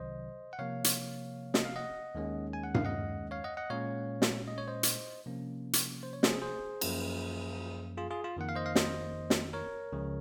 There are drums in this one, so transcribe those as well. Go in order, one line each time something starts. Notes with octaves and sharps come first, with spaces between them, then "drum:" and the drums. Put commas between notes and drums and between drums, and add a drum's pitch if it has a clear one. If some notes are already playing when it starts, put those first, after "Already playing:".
Already playing: C2 C3 D#3 F#3 C5 D#5
F#5
C3 F3 A#3 C#5 F5
drum: hi-hat
D#5, drum: snare
F5
D#5 F#5
D#2 D#3 G#3 C#4
G#5
F#5
F5, drum: tom G2
D#5 F#5
C#5 F5
D#5 F#5
D#5 F#5
A#2 G#3 C#4 C#5 F5
drum: snare
D#5
C#5
C5 D#5
drum: hi-hat
C3 F3 A#3 C#4
drum: hi-hat
C5
C#5
G#4 C5, drum: snare
G#4 C5
F#2 F3 A#3 C#4, drum: cymbal
F4 G#4
F4 G#4
F4
F2 D#3 A#3 F#5
F5
C5 D#5
F5
C5 D#5, drum: snare
drum: snare
A#4 C#5
C#2 C#3 F3